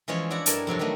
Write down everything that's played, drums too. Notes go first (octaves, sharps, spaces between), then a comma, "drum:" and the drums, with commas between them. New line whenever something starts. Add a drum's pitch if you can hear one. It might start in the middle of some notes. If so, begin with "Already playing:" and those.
E3 F3 G#3 C#4 C#5
D4 E4 F#4 D5 F#5
G2 E4 A4 A#4 G#5 A5, drum: hi-hat
F2 C3 F#3 D4
D#3 F#3 G3 A3 B3